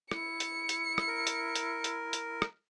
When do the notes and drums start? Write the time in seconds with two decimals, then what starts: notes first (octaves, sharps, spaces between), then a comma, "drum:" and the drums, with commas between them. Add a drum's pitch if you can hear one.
0.11 E4 C#7, drum: rim click
0.40 drum: hi-hat
0.69 drum: hi-hat
0.98 drum: rim click
1.07 A#4
1.27 drum: hi-hat
1.55 drum: hi-hat
1.84 drum: hi-hat
2.13 drum: hi-hat
2.42 drum: rim click